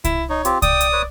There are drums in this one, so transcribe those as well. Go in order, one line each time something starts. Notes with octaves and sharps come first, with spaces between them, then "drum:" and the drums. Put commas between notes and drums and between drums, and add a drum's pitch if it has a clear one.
E4, drum: kick C2, hi-hat
D#4 C#5
C4 F4 G4, drum: hi-hat
D5 G5 D#6, drum: kick C2, hi-hat
drum: hi-hat
B4 C#5